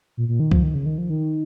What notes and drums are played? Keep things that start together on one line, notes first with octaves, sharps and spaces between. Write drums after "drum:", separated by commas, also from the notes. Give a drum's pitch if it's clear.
A#2
A#2
D#3
F3, drum: kick C#2
D#3
C#3
D#3
F3
D#3